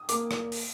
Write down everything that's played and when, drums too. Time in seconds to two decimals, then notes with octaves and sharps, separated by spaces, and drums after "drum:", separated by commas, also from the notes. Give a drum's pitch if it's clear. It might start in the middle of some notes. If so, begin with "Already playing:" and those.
Already playing: D#6
0.09 A#3 D6, drum: hi-hat
0.31 drum: rim click
0.52 drum: open hi-hat